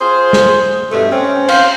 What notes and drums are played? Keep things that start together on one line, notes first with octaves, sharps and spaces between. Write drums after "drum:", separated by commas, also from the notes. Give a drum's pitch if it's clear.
F4 G#4 C5
drum: snare
G2 B2 A3
C4 C#4
C5 F5, drum: cymbal